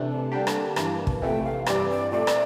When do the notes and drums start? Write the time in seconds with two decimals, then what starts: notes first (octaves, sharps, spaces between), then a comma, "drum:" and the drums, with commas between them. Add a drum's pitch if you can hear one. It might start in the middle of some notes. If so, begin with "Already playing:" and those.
Already playing: C3 E3 A3 D4
0.09 A5
0.32 D3 G3 A#3 D4 G4
0.47 drum: rim click
0.76 G2 E3 A#3, drum: rim click
1.07 drum: kick
1.22 F2 C3 E3 A3 G5
1.44 F5
1.66 G2 E3 G3 C4 D5, drum: rim click
1.90 D5
2.11 A#2 A3 C4 D5
2.27 drum: rim click